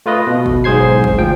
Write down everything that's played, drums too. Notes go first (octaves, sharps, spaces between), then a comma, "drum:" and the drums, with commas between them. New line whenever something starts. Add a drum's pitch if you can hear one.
A3 F4 B4 D#5
B2
drum: kick G1
B1 G#2 G#4 C5 G#6 C7
drum: kick G1
D2 F3 G5